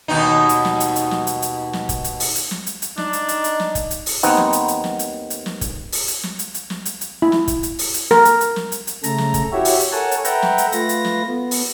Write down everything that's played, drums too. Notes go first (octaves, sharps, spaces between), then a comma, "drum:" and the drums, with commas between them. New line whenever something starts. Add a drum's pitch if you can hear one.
D#2 B2 D#4
drum: hi-hat
drum: snare
drum: hi-hat
drum: hi-hat
drum: snare
drum: hi-hat
drum: hi-hat
drum: snare
drum: kick, hi-hat
drum: hi-hat
drum: open hi-hat
drum: hi-hat
drum: snare
drum: hi-hat
drum: hi-hat
D4 D#4, drum: snare
drum: hi-hat
drum: hi-hat
drum: hi-hat
drum: snare
drum: kick, hi-hat
drum: hi-hat
drum: open hi-hat
D#2 B3 C4 D#4 F#5, drum: hi-hat
drum: snare
drum: hi-hat
drum: hi-hat
drum: snare
drum: hi-hat
drum: hi-hat
drum: snare
drum: kick, hi-hat
drum: open hi-hat
drum: hi-hat
drum: snare
drum: hi-hat
drum: hi-hat
drum: snare
drum: hi-hat
drum: hi-hat
E4
drum: snare
drum: kick, hi-hat
drum: hi-hat
drum: open hi-hat
drum: hi-hat
A#4, drum: snare
drum: hi-hat
drum: hi-hat
drum: snare
drum: hi-hat
drum: hi-hat
C#3 A3 A4 A#5, drum: hi-hat
drum: snare
drum: kick, hi-hat
E4 F#4 G4 C#5 E5
drum: open hi-hat
drum: hi-hat
A4 A#4 C#5 F#5 G#5 A5
drum: hi-hat
A4 B4 E5 F#5 G5 A#5, drum: hi-hat
drum: snare
drum: hi-hat
A3 F4 B4 A#6, drum: hi-hat
drum: hi-hat
drum: snare
B3
drum: open hi-hat